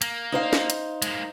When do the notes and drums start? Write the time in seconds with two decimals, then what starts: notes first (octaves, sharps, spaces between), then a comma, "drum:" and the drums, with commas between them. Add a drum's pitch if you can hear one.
0.02 A#3, drum: hi-hat
0.32 D#4 C5 F5
0.53 drum: snare
0.70 drum: hi-hat
1.02 G#3 A#3, drum: hi-hat